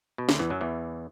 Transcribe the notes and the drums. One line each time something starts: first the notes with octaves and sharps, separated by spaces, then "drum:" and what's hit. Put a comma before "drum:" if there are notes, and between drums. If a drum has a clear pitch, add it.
B2
D2 D3, drum: snare
E2 E3
F#2 F#3
E2 E3